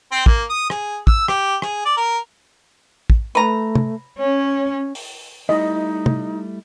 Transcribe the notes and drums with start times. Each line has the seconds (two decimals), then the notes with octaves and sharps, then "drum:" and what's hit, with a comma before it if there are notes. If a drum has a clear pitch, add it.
0.12 C4
0.26 A#3, drum: kick
0.50 D#6
0.70 G#4, drum: rim click
1.07 E6, drum: kick
1.28 G4, drum: rim click
1.62 G#4, drum: rim click
1.85 D5
1.97 A#4
3.10 drum: kick
3.35 A3 B4 A#5
3.75 drum: tom
4.18 C#4 C#5
4.95 drum: open hi-hat
5.49 G3 A3 D#4 E4 D#5
6.06 drum: tom